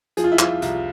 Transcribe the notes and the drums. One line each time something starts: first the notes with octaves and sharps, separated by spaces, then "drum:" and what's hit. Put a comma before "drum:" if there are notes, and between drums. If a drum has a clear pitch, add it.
F3 G#4, drum: hi-hat
F4
E4
F3 F4, drum: clap
C2, drum: hi-hat